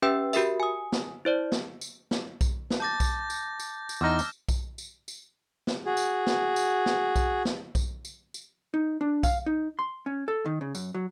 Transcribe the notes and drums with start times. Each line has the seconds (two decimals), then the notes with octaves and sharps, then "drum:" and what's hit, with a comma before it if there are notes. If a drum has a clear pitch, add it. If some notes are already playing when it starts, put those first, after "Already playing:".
0.02 C#4 G4 B4 E5 G5 E6
0.33 F#4 G4 A#4 E5, drum: tambourine
0.60 G#5 D#6
0.92 drum: snare
1.25 E4 C5 D5
1.52 drum: snare
1.81 drum: tambourine
2.11 drum: snare
2.41 drum: kick B1, tambourine
2.70 drum: snare
2.80 A5 D6 G6 A6 A#6
3.00 drum: kick B1, tambourine
3.30 drum: tambourine
3.59 drum: tambourine
3.89 drum: tambourine
4.01 E2 D#4 D6 E6 F6 A#6
4.19 drum: tambourine
4.49 drum: kick B1, tambourine
4.78 drum: tambourine
5.08 drum: tambourine
5.67 drum: snare
5.86 F#4 G#4
5.97 drum: tambourine
6.27 drum: snare
6.56 drum: tambourine
6.86 drum: snare
7.16 drum: kick B1, tambourine
7.45 drum: snare
7.75 drum: kick B1, tambourine
8.05 drum: tambourine
8.34 drum: tambourine
8.74 D#4
9.01 D4
9.23 F5, drum: kick B1, tambourine
9.46 D#4
9.79 C6
10.06 C#4
10.28 A4
10.46 D#3
10.61 C#3
10.75 F#2, drum: tambourine
10.94 F#3